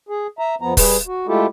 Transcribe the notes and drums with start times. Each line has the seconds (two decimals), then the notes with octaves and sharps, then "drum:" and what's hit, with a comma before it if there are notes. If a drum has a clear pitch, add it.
0.09 G#4
0.39 E5 A#5
0.62 F2 F3 B3 A#5
0.77 G3 G#4 B4, drum: kick, open hi-hat
1.07 F#4
1.27 G#3 A3 E4 F4 G4 A4